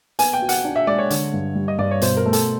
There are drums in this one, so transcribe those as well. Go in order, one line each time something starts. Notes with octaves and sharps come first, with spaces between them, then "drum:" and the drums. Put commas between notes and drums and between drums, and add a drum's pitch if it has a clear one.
B3 G#5, drum: hi-hat
G5
F#4
F#5, drum: hi-hat
D4
E5
G#3 D5
C#5
D3, drum: hi-hat
G2
G3
D#5
G2 D5
C#5
B2 C5, drum: hi-hat
A#4
A3
A4, drum: hi-hat